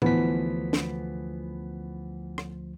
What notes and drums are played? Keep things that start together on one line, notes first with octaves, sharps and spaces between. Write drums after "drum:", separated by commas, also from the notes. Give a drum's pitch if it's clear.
D2 E3 F3 B3 B6, drum: tom A2
drum: snare
drum: rim click